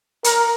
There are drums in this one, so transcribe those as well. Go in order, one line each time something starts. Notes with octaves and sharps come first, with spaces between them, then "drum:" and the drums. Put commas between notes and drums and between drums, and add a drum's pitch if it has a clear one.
A#4, drum: hi-hat